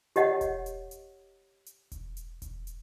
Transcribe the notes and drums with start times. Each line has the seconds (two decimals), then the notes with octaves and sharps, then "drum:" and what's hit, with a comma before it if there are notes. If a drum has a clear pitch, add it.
0.16 G4 C#5 D#5 F#5, drum: hi-hat
0.41 drum: kick E1, hi-hat
0.66 drum: hi-hat
0.91 drum: hi-hat
1.66 drum: hi-hat
1.92 drum: kick E1, hi-hat
2.17 drum: hi-hat
2.42 drum: kick E1, hi-hat
2.67 drum: hi-hat